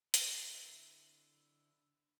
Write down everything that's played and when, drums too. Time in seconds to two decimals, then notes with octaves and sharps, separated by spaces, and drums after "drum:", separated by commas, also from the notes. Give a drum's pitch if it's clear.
0.14 D3 E4, drum: hi-hat